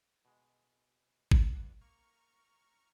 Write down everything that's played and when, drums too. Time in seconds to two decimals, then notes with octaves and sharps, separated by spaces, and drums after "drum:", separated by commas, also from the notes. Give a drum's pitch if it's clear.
0.25 B2 G#3
1.31 drum: kick
1.54 G2 D4 F#5
1.81 A#3 A#5 C#6 F6